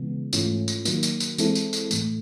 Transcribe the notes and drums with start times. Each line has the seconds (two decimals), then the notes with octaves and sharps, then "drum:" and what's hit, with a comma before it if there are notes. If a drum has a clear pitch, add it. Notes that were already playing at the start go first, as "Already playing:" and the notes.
Already playing: C#3 E3 G#3 B3
0.33 G#2 E3 A3 C#4 F4, drum: tambourine
0.68 drum: tambourine
0.85 D#3 F#3 A#3, drum: tambourine
1.03 drum: tambourine
1.20 drum: tambourine
1.38 E3 G#3 C4 E4 A4, drum: tambourine
1.55 drum: tambourine
1.73 drum: tambourine
1.91 A2 E3 A3, drum: tambourine